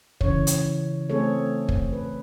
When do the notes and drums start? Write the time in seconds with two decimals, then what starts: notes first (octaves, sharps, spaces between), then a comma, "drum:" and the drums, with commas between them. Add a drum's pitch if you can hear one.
0.21 C#3 E3 C#5, drum: kick
0.47 drum: hi-hat
1.10 A3 C4 G#4 A4 C#5
1.69 drum: kick
1.93 B4